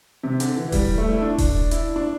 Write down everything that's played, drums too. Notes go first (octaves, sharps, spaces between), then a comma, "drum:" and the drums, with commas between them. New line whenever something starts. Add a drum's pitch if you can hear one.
C3
D3, drum: hi-hat
E3
E3
G3, drum: kick D#1, open hi-hat
A3
E4
D4
drum: kick D#1, open hi-hat
E4, drum: hi-hat
D4